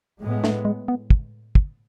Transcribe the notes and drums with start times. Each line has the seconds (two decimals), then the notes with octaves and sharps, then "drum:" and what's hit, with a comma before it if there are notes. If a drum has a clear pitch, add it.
0.21 A2 G#3 B3
0.44 A3, drum: snare
0.65 G#3
0.88 B3
1.10 drum: kick
1.55 drum: kick